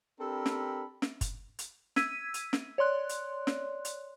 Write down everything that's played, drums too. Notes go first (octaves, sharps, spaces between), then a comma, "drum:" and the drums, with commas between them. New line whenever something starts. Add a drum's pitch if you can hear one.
C4 D4 G4 A4 A#4 B5
drum: snare
drum: snare
drum: kick, hi-hat
drum: hi-hat
E6 G#6 B6 D#7, drum: snare
drum: hi-hat
drum: snare
C#5 D5 C6 F#6
drum: hi-hat
drum: snare
drum: hi-hat